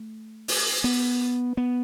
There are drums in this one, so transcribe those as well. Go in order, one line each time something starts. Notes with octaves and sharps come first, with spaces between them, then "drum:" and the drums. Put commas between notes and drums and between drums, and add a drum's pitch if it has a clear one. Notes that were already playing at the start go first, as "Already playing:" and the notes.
Already playing: A3
drum: open hi-hat
B3
B3